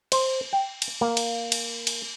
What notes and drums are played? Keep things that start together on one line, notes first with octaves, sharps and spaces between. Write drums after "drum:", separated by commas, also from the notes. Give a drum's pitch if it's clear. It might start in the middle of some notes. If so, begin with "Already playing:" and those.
C5, drum: cymbal
G5
drum: cymbal
A#3
drum: cymbal
drum: cymbal
drum: cymbal